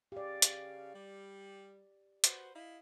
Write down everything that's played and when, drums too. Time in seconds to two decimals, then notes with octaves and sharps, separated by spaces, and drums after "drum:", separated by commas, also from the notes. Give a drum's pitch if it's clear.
0.12 C#3 G4 D5 F5
0.42 drum: hi-hat
0.94 G3
2.24 F#4 B4 C5, drum: hi-hat
2.54 E4 D#5 F5